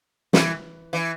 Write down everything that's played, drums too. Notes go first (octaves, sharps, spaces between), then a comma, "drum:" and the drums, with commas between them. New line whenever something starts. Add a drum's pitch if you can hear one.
E3, drum: snare
E3